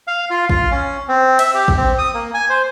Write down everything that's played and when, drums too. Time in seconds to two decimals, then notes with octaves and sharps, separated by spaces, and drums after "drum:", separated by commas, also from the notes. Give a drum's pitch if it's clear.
0.07 F5
0.30 F4
0.49 F4, drum: kick A1
0.71 C#4
1.08 C4
1.39 E5, drum: cymbal
1.54 G4
1.68 drum: kick A1
1.77 C4
1.98 D#6
2.14 A#3
2.34 G#5
2.50 C5